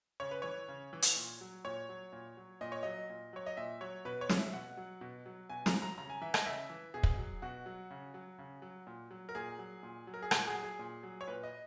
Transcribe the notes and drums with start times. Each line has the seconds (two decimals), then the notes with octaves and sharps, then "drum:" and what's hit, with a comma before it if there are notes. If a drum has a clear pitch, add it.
0.20 C#3 C#5
0.31 B4
0.42 E3 C#5
0.68 C#3
0.93 E3
1.02 drum: hi-hat
1.16 A#2
1.41 F#3
1.64 A#2 C#5
1.89 F#3
2.13 A#2
2.37 F#3
2.61 A#2 D#5
2.72 C#5
2.83 F#3 D#5
3.09 A#2
3.33 F#3 C#5
3.46 D#5
3.57 A#2 E5
3.81 F#3 C#5
4.05 B2 B4
4.21 C#5
4.29 F#3, drum: snare
4.38 E5
4.53 B2 F#5
4.77 F#3
5.01 B2
5.26 F#3
5.50 B2 G#5
5.66 A#5, drum: snare
5.73 F#3
5.82 A#5
5.98 C#3 A#5
6.10 G#5
6.22 E3 E5
6.34 D#5, drum: rim click
6.46 C#3 E5
6.70 E3
6.94 B2 G#4
7.03 drum: kick
7.18 F#3
7.42 B2 F#4
7.66 F#3
7.91 C#3
8.14 F#3
8.38 C#3
8.62 F#3
8.87 A#2
9.11 F#3
9.29 A#4
9.35 A#2 G#4
9.59 F#3
9.83 A#2
10.07 F#3
10.14 A#4
10.22 G#4
10.31 A#2 F#4, drum: rim click
10.47 G#4
10.55 F#3
10.63 G#4
10.79 A#2
11.03 F#3
11.21 C#5
11.27 A#2 B4
11.43 D#5